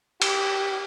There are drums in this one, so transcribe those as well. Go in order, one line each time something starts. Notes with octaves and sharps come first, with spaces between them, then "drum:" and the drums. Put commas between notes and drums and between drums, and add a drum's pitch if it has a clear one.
G4, drum: cymbal